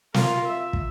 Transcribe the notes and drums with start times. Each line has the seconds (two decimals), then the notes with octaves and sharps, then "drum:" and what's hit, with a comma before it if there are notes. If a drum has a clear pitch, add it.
0.14 F4 A#4, drum: snare
0.45 E5
0.73 drum: kick